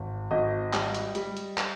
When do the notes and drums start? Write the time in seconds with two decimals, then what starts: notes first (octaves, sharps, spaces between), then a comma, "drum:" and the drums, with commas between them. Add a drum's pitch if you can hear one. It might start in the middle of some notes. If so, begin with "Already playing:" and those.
Already playing: G#1
0.31 G#1 D#5
0.73 G3, drum: clap
0.94 drum: hi-hat
1.15 G3, drum: hi-hat
1.37 drum: hi-hat
1.58 drum: clap